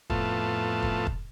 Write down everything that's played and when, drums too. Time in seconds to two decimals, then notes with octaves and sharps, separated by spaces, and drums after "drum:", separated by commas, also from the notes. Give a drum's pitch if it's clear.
0.10 F2 A2 A3 B3 F4 A5, drum: kick
0.82 drum: kick
1.07 drum: kick